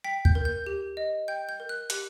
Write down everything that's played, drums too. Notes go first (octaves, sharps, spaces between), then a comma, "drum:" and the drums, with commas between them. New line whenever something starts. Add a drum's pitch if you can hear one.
G5 B6
G6, drum: kick D2
A#4
G6
G4
D#5
G5 G6
G6
A#4
F#6
G4 F#6, drum: hi-hat